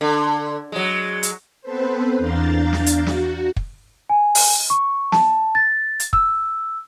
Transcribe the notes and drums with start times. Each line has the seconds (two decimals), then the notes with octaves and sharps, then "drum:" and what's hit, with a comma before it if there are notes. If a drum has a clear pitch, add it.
0.01 D3
0.72 F#3 G#3
1.23 drum: hi-hat
1.61 B3 C4 A4 B4 C5
2.18 E2 D4 F5 A#5 G6 A6
2.73 drum: snare
2.86 drum: hi-hat
3.06 F#4, drum: snare
3.56 drum: kick
4.10 G#5
4.35 drum: open hi-hat
4.70 C#6
5.12 A5, drum: snare
5.55 A6
6.00 drum: hi-hat
6.13 E6, drum: kick